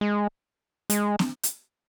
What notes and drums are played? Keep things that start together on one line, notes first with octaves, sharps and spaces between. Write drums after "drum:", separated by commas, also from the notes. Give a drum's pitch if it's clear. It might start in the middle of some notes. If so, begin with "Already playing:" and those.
G#3
G#3, drum: hi-hat
drum: snare
drum: hi-hat